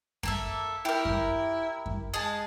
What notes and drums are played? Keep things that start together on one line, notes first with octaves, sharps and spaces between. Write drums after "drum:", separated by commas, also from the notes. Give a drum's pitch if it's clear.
A#3 A4 E5, drum: kick F#2
E4 G4 A#4
drum: kick F#2
drum: kick F#2
G#3 G#4 A5